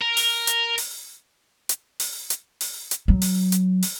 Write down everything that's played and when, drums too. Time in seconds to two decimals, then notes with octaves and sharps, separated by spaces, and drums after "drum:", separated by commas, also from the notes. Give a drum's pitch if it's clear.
0.01 A#4
0.17 drum: open hi-hat
0.47 drum: hi-hat
0.78 drum: open hi-hat
1.69 drum: hi-hat
2.00 drum: open hi-hat
2.30 drum: hi-hat
2.61 drum: open hi-hat
2.91 drum: hi-hat
3.08 F#3
3.22 drum: open hi-hat
3.52 drum: hi-hat
3.83 drum: open hi-hat